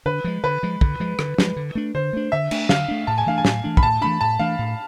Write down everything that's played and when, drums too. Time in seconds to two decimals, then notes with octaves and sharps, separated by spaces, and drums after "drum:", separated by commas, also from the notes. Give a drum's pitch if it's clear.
0.06 D3 B4
0.24 F3 G#3
0.44 D3 B4
0.63 F3 G#3
0.81 D3, drum: kick
1.00 F3 G#3
1.19 D3, drum: rim click
1.38 F3 G#3, drum: snare
1.56 D3
1.75 A3 D4
1.94 D3 C5
2.13 A3 D4
2.32 D3 E5
2.51 A3 D4, drum: cymbal
2.69 D3 F5, drum: snare
2.88 A3 D4
3.07 A2 A5
3.18 G#5
3.26 E3 A3 D4 F5
3.38 G#5
3.45 A2, drum: snare
3.64 E3 A3 D4
3.77 B5, drum: kick
3.83 A2 A5
4.01 E3 A3 D4 B5
4.21 A2 A5
4.39 E3 A3 D4 F5
4.59 A2